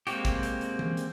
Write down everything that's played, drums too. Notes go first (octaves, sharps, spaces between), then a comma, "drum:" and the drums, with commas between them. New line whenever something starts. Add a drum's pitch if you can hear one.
G#3 A#3 C4 F#4 G4, drum: hi-hat
drum: kick, hi-hat
drum: hi-hat
drum: hi-hat
drum: tom E3
drum: hi-hat